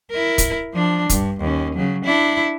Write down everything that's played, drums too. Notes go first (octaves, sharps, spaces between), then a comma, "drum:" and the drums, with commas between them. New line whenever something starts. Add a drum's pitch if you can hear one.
E4 A#4
drum: kick, hi-hat
F3 D4
G2, drum: kick, hi-hat
D#2 C#4
C#3 F#3
D4 E4